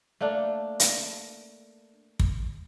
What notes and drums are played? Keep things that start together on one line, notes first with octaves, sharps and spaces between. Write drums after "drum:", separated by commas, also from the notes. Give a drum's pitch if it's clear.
A3 A#3 D4
drum: hi-hat
drum: kick